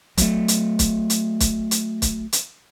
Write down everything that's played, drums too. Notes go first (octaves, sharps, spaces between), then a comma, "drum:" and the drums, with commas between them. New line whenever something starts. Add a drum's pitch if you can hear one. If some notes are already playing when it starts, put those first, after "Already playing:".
F#3 A3, drum: kick, hi-hat
drum: hi-hat
drum: kick, hi-hat
drum: hi-hat
drum: kick, hi-hat
drum: hi-hat
drum: kick, hi-hat
drum: hi-hat